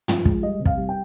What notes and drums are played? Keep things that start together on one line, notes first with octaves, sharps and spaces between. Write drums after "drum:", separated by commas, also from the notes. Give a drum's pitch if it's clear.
F3, drum: tom
G#3, drum: kick
G3 D#5
C3
F5, drum: kick
G3
G5